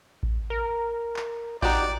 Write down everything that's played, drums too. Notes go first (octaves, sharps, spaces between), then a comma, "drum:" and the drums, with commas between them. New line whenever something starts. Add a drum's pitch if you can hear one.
drum: kick A1
A#4
drum: clap
D#4 F#4 G4 D5, drum: kick A1